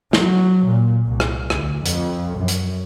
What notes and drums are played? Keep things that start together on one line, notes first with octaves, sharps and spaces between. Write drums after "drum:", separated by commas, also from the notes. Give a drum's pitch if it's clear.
F#3, drum: snare
A#2
C2
drum: rim click
D2, drum: rim click
F2, drum: hi-hat
F#2
drum: hi-hat